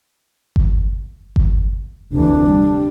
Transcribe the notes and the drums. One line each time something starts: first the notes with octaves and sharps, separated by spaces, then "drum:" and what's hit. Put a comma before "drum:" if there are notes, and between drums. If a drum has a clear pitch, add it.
drum: kick G1
drum: kick G1
F1 D2 E3 D4
G3